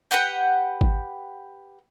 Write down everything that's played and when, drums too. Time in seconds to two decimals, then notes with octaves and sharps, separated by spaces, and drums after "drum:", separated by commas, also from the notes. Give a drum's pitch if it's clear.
0.11 G4 B4 F#5 G5
0.81 drum: kick G#1